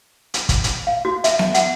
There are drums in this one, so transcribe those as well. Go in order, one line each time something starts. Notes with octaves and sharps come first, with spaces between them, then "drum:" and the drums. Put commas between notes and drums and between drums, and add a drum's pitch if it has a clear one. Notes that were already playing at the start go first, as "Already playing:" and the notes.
drum: hi-hat
drum: kick, hi-hat
drum: hi-hat
F5
F#4
E5, drum: hi-hat
drum: snare B3
F#5, drum: hi-hat